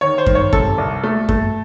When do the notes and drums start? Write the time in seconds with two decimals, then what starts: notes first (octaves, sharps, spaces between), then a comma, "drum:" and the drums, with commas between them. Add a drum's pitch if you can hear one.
0.01 D#3 C#5
0.18 C5
0.27 D#3, drum: kick F#2
0.35 C#5
0.53 C3 A4, drum: kick F#2
0.78 C2
1.04 A3
1.29 A3, drum: kick F#2